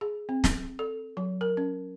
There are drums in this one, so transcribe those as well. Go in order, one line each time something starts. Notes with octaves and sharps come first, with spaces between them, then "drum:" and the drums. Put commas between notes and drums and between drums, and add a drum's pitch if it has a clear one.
G#4
C4
drum: snare
A4
F#3
A#4
C#4